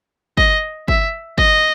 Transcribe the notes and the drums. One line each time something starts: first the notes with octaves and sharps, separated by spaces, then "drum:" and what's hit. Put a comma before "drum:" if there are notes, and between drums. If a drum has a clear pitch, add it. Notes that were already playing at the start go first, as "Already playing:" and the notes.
D#5, drum: kick
E5, drum: kick
D#5, drum: kick